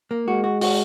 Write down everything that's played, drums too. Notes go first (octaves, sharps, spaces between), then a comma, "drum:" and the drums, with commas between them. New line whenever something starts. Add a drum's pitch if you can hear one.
A#3
G#3 F#4
F#4
F#4, drum: open hi-hat